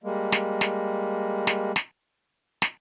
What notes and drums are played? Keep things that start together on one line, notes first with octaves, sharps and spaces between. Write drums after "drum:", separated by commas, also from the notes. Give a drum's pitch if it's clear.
G3 G#3 A#3
drum: snare
drum: snare
drum: snare
drum: snare
drum: snare